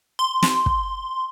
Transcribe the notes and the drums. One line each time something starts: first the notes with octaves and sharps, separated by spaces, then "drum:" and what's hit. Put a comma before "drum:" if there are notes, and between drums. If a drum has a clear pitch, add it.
C6
drum: snare
drum: kick